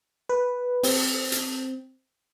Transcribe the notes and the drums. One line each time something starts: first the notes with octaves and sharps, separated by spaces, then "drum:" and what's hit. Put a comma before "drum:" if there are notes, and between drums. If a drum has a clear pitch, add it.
B4
C4, drum: open hi-hat
drum: hi-hat